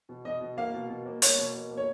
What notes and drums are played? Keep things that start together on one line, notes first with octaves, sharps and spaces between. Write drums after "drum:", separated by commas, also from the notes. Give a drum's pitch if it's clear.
B2
B2 D#5
B2
A#3 F5
B2
B2
A#3
A#3 C#5, drum: hi-hat
B2
B2
A#3
C#5